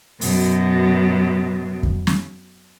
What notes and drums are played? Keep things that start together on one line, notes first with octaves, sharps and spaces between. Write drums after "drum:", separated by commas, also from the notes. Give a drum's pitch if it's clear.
F#2 B2, drum: open hi-hat
drum: kick F2
drum: snare